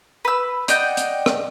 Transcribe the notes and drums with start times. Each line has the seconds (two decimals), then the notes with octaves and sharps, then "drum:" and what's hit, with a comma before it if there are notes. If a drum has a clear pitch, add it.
0.25 B4 E6
0.68 D5 D#5 F#5 G5, drum: hi-hat
0.97 drum: hi-hat
1.26 drum: rim click